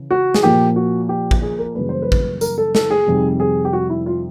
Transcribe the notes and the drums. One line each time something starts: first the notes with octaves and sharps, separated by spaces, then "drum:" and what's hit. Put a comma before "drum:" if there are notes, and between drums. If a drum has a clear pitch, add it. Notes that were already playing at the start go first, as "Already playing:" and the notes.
Already playing: C#3 E3
F#4
G#4, drum: snare
A#2 F3 A#3 G4
F#4
G4
drum: kick A1
G#4
A#4
F#2 C#3 E3 G3 A#3 B4
C5
B4
drum: kick A1
A#4, drum: tambourine
A4
A4, drum: snare
G#4
F2 C3 D#3 G3
G#4
G4
F#4
E4
F4